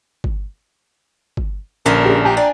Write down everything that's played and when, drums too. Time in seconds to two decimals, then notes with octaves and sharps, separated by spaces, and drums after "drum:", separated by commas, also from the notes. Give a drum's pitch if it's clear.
0.24 drum: kick G1
1.37 drum: kick G1
1.86 A#1 D3 C#4 A#4 A5
2.05 G4 G#4
2.25 G4 G5 G#5 A#5
2.37 D4 D5